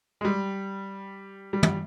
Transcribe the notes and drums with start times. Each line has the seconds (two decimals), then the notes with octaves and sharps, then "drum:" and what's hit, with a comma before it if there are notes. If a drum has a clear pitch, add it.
0.21 G#3
0.25 G3
1.53 G3
1.63 drum: tom